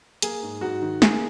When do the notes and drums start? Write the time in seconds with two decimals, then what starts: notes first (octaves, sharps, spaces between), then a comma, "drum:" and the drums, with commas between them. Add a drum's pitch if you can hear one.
0.22 A#3 G#4, drum: hi-hat
0.42 G#2
0.61 G#2 F#4
0.82 D#3
1.02 A#3 G#4, drum: snare